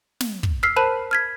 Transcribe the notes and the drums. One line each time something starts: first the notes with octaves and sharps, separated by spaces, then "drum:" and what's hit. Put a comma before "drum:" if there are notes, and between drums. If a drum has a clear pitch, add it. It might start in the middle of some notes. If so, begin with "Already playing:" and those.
drum: snare
drum: kick
E6 F6 B6 C7
A#4 C5 A5 B5 F#6 D#7
F6 G#6 B6